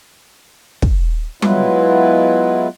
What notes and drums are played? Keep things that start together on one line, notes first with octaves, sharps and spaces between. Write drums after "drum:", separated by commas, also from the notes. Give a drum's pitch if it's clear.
drum: kick
F#3 G#3 B3 E4 F4 B4, drum: tom G3